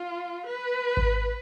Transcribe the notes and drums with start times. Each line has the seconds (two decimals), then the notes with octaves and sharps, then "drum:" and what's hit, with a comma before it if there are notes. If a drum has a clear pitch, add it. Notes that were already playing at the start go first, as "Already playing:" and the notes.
Already playing: F4
0.47 B4
0.97 drum: kick G#1